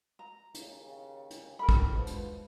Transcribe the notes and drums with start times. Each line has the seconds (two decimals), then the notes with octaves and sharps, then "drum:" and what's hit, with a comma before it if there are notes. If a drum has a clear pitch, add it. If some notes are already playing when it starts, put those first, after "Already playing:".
0.19 A#5
0.54 D#2 C#3, drum: hi-hat
1.31 drum: hi-hat
1.59 G4 A4 A#4 B5
1.69 drum: kick
1.95 D#2 B2 F3 G#3 B4
2.07 drum: hi-hat